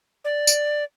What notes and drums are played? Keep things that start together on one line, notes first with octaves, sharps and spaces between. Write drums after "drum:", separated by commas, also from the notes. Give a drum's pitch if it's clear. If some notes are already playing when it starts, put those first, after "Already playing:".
D5
drum: tambourine